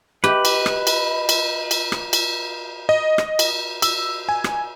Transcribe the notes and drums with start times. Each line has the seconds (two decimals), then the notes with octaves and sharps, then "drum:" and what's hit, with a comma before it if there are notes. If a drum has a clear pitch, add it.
0.24 G4 B4 D#5
0.45 drum: cymbal
0.66 drum: rim click
0.87 drum: cymbal
1.29 drum: cymbal
1.71 drum: cymbal
1.92 drum: rim click
2.13 drum: cymbal
2.89 D#5
3.18 drum: rim click
3.39 drum: cymbal
3.82 E6, drum: cymbal
4.29 G#5
4.44 drum: rim click